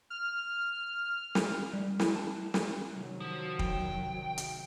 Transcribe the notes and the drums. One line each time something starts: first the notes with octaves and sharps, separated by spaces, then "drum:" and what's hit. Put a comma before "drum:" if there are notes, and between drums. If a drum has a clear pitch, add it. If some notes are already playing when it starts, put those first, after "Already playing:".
F6
drum: snare
G3
E4, drum: snare
A5
drum: snare
C3 D#3 F#3
F3
G5, drum: kick
drum: hi-hat